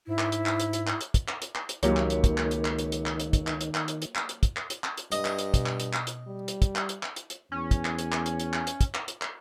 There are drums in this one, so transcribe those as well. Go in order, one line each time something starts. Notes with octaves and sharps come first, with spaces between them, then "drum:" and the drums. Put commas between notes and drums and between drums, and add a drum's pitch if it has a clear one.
G#2 E4
drum: clap
drum: hi-hat
drum: clap
drum: hi-hat
drum: hi-hat
drum: clap
drum: hi-hat
drum: kick, hi-hat
drum: clap
drum: hi-hat
drum: clap
drum: hi-hat
C#2 D#3 F#3 A#3 G4 C#5, drum: hi-hat
drum: clap
drum: hi-hat
drum: kick, hi-hat
drum: clap
drum: hi-hat
drum: clap
drum: hi-hat
drum: hi-hat
drum: clap
drum: hi-hat
drum: kick, hi-hat
drum: clap
drum: hi-hat
drum: clap
drum: hi-hat
drum: hi-hat
drum: clap
drum: hi-hat
drum: kick, hi-hat
drum: clap
drum: hi-hat
drum: clap
drum: hi-hat
G2 D#5, drum: hi-hat
drum: clap
drum: hi-hat
B2, drum: kick, hi-hat
drum: clap
drum: hi-hat
drum: clap
drum: hi-hat
G3
drum: hi-hat
drum: kick, hi-hat
drum: clap
drum: hi-hat
drum: clap
drum: hi-hat
drum: hi-hat
E2 C#4
drum: kick, hi-hat
drum: clap
drum: hi-hat
drum: clap
drum: hi-hat
drum: hi-hat
drum: clap
drum: hi-hat
drum: kick, hi-hat
drum: clap
drum: hi-hat
drum: clap